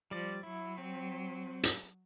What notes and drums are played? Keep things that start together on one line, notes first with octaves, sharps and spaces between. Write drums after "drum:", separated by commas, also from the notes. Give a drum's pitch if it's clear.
F3 G3 D5
F#3 E4
C4
drum: hi-hat